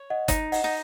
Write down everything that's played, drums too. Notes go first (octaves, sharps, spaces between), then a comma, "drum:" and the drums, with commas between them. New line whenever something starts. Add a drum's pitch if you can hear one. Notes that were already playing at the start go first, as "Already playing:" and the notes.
Already playing: C#5
D#5 F#5
D#4, drum: kick, hi-hat
D#5 F#5, drum: open hi-hat
D#4